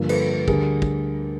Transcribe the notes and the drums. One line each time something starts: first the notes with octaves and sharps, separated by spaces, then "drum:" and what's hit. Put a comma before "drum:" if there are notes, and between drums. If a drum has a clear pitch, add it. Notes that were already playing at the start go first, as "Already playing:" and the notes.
Already playing: G2 D3 F3 A#3
A4 B4, drum: cymbal
A4 B4
D2 D3 G3 G#4 A#4, drum: kick
drum: kick